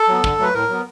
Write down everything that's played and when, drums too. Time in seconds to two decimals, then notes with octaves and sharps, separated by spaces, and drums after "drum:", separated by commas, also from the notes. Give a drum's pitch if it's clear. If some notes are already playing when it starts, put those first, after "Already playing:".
Already playing: A4
0.08 F#3 B3
0.24 D3, drum: kick
0.39 F#3 A3 B4
0.54 A2 A#4
0.69 F#3 B3